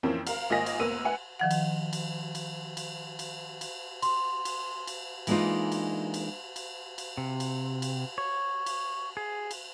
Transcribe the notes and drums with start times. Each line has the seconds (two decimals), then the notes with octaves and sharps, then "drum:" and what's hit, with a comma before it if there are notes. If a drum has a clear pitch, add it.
0.03 F2 E3 A#3 C4 C#4
0.27 A#4 F5, drum: cymbal
0.50 G#1 A#3 F4 D#5 G#5 A#6
0.66 drum: cymbal
0.80 F1 A#3 B3 E6 D#7
1.05 B4 F#5 G#5
1.40 D#3 F3 F#5
1.51 drum: cymbal
1.93 drum: cymbal
2.35 drum: cymbal
2.77 drum: cymbal
3.19 drum: cymbal
3.61 drum: cymbal
4.02 C6, drum: cymbal
4.45 drum: cymbal
4.87 drum: cymbal
5.27 E3 G#3 A#3 D4 D#4 F4, drum: cymbal
5.72 drum: cymbal
6.14 drum: cymbal
6.56 drum: cymbal
6.98 drum: cymbal
7.17 C3
7.40 drum: cymbal
7.82 drum: cymbal
8.18 C#5
8.66 drum: cymbal
9.17 G#4
9.51 drum: cymbal